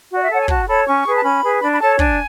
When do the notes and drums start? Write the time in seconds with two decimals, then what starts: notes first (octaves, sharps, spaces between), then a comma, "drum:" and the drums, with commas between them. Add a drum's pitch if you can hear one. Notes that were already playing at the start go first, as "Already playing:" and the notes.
0.11 F#4
0.16 D5
0.24 E5
0.30 A4 C#5 F#5
0.40 G#5
0.48 F#4 A5, drum: kick
0.67 A4 C#5 B5
0.86 C#4 C#6
1.06 G#4 B4
1.16 A5
1.23 C#4 B5
1.43 G#4 B4
1.61 D4 B5
1.72 B5
1.80 A4 C#5 A5
1.99 D4 G#5, drum: kick